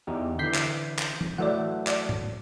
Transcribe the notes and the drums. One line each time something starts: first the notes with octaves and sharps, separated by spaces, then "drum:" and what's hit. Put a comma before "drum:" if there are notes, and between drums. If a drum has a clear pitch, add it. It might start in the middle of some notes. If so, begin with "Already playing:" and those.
E2 D#4 G4
D3 E3 G6 B6 C7
drum: clap
drum: clap
drum: tom E3
E3 F#3 A3 D5 F#5
D5, drum: clap
drum: tom G#2